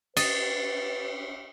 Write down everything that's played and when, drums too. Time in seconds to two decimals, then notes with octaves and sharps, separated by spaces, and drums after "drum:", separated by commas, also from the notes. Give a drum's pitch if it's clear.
0.17 B4 D#5 A6, drum: cymbal